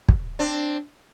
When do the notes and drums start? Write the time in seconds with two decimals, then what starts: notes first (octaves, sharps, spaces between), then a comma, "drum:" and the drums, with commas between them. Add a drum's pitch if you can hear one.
0.09 drum: kick
0.39 C4 D4